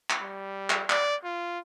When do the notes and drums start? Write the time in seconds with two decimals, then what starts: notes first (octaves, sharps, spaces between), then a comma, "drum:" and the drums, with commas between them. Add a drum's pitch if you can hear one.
0.10 drum: clap
0.22 G3
0.70 drum: clap
0.90 D5, drum: clap
1.24 F4